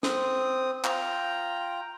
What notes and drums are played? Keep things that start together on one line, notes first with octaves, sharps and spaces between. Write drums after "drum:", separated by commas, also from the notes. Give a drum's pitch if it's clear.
C4 D#6, drum: snare
F4 G5 A#5, drum: clap